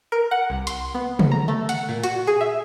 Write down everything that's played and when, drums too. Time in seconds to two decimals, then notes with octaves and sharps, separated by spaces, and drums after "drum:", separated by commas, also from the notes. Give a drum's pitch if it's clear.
0.12 A#4
0.31 F#5
0.50 C2
0.67 C6, drum: hi-hat
0.95 B3
1.19 drum: tom
1.32 A#5
1.48 A3
1.69 F#5, drum: hi-hat
1.89 A#2
2.03 F#4, drum: hi-hat
2.27 G#4
2.41 E5